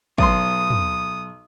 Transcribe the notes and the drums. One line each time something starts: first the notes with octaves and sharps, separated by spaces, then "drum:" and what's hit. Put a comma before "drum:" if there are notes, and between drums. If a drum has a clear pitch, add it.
B1 C6 D#6, drum: kick
drum: tom